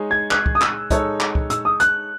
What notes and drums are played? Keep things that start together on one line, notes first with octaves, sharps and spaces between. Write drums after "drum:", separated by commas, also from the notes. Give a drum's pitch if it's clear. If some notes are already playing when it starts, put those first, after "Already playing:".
Already playing: G#3 D#4 G#4 C#5
G#6
F#6, drum: clap
drum: kick
D#6
E6, drum: clap
G#3 D#4 A4 C#5, drum: kick, hi-hat
drum: clap
drum: kick
E6, drum: hi-hat
D#6
F#6, drum: hi-hat